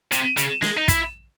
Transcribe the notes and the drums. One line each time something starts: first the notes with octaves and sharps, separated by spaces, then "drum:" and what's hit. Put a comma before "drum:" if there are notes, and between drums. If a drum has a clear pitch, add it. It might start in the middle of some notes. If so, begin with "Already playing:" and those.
C3, drum: hi-hat
C#3, drum: hi-hat
G#3, drum: snare
D#4
E4, drum: kick, hi-hat